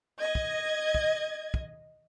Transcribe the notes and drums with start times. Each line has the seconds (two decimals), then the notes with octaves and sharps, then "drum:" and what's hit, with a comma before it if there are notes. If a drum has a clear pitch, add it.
0.20 D#5 G#6
0.35 drum: kick
0.95 drum: kick
1.54 drum: kick